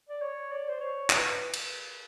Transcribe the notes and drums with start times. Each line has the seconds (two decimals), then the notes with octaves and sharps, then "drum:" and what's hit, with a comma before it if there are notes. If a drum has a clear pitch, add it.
0.09 D5
0.22 C#5
0.52 D5
0.69 C5
0.80 C#5
1.10 B4, drum: clap
1.54 drum: cymbal